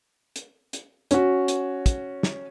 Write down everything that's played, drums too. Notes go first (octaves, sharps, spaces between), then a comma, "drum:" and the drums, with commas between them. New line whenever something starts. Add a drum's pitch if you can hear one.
drum: hi-hat
drum: hi-hat
C#4 F#4, drum: hi-hat
drum: hi-hat
drum: kick, hi-hat
drum: snare